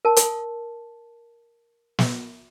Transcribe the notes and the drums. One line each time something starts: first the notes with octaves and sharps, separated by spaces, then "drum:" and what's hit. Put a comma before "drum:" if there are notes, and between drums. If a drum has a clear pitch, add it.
A#4 A5
drum: hi-hat
drum: snare